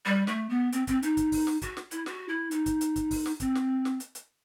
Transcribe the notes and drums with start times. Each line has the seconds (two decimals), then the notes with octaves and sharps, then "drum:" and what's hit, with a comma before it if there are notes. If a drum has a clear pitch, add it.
0.05 G3
0.27 A3, drum: snare
0.49 B3
0.73 C4, drum: hi-hat
0.87 C4, drum: kick, hi-hat
1.03 D#4, drum: hi-hat
1.17 drum: kick, hi-hat
1.32 drum: kick, open hi-hat
1.47 drum: snare
1.62 F#4, drum: kick, hi-hat
1.77 drum: snare
1.91 E4, drum: hi-hat
2.06 F#4, drum: snare
2.29 E4
2.51 D#4, drum: hi-hat
2.66 drum: kick, hi-hat
2.81 drum: hi-hat
2.96 drum: kick, hi-hat
3.11 drum: kick, open hi-hat
3.26 drum: snare
3.40 C4, drum: kick, hi-hat
3.55 drum: snare
3.85 drum: snare
4.00 drum: hi-hat
4.15 drum: hi-hat